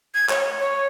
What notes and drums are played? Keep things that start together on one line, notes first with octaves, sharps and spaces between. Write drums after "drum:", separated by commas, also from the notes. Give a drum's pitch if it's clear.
G#6
C#5, drum: clap
C#5